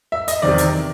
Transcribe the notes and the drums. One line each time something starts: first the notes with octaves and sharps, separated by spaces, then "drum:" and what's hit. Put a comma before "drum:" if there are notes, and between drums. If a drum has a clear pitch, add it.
E5
D#5, drum: hi-hat
E2 C3 D#3 D5
drum: hi-hat